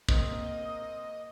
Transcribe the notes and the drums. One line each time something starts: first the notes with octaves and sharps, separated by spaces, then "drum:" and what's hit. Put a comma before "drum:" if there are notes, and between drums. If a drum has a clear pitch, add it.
A#3 C4 D#5, drum: kick